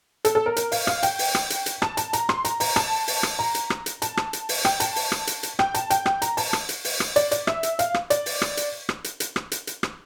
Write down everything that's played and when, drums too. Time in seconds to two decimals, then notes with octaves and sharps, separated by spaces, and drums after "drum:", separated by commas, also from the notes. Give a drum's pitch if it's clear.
0.25 A4, drum: hi-hat
0.35 A4
0.46 A#4
0.56 A#4, drum: hi-hat
0.72 F5, drum: open hi-hat
0.87 F5, drum: rim click
1.03 G5, drum: hi-hat
1.19 drum: open hi-hat
1.35 drum: rim click
1.50 drum: hi-hat
1.66 drum: hi-hat
1.82 A5, drum: rim click
1.97 A5, drum: hi-hat
2.13 A#5, drum: hi-hat
2.29 C6, drum: rim click
2.45 A#5, drum: hi-hat
2.60 A#5, drum: open hi-hat
2.76 A5, drum: rim click
3.07 drum: open hi-hat
3.23 drum: rim click
3.39 A#5
3.55 drum: hi-hat
3.70 drum: rim click
3.86 drum: hi-hat
4.02 A5, drum: hi-hat
4.17 drum: rim click
4.33 drum: hi-hat
4.49 drum: open hi-hat
4.65 G5, drum: rim click
4.80 A5, drum: hi-hat
4.96 drum: open hi-hat
5.12 drum: rim click
5.27 drum: hi-hat
5.43 drum: hi-hat
5.59 G5, drum: rim click
5.74 A5, drum: hi-hat
5.90 G5, drum: hi-hat
6.06 G5, drum: rim click
6.22 A#5, drum: hi-hat
6.37 A5, drum: open hi-hat
6.53 drum: rim click
6.69 drum: hi-hat
6.84 drum: open hi-hat
7.00 drum: rim click
7.16 D5, drum: hi-hat
7.31 D5, drum: hi-hat
7.47 E5, drum: rim click
7.63 drum: hi-hat
7.79 F5, drum: hi-hat
7.94 drum: rim click
8.10 D5, drum: hi-hat
8.26 drum: open hi-hat
8.42 drum: rim click
8.57 drum: hi-hat
8.89 drum: rim click
9.04 drum: hi-hat
9.20 drum: hi-hat
9.36 drum: rim click
9.52 drum: hi-hat
9.67 drum: hi-hat
9.83 drum: rim click